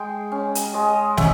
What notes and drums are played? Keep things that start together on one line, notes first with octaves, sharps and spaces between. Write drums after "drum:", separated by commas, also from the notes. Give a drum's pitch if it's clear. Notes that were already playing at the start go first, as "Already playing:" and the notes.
Already playing: G#3 G5
C#4
drum: hi-hat
G#3 D#5
C#4 E5, drum: snare